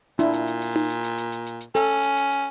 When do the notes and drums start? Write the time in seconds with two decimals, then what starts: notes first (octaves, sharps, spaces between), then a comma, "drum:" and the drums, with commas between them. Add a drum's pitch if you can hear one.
0.19 A#2 D4 E4, drum: hi-hat
0.33 drum: hi-hat
0.47 drum: hi-hat
0.61 drum: open hi-hat
0.76 drum: tom D#4
0.90 drum: hi-hat
1.04 drum: hi-hat
1.18 drum: hi-hat
1.32 drum: hi-hat
1.46 drum: hi-hat
1.60 drum: hi-hat
1.75 C#4 A4, drum: open hi-hat
2.03 drum: hi-hat
2.17 drum: hi-hat
2.31 drum: hi-hat